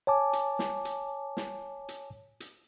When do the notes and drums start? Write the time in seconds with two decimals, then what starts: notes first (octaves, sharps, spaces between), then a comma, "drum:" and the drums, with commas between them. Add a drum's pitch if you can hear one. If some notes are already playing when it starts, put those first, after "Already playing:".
0.07 C#5 G#5 A5 D6
0.33 drum: hi-hat
0.59 drum: snare
0.85 drum: hi-hat
1.37 drum: snare
1.89 drum: hi-hat
2.40 drum: hi-hat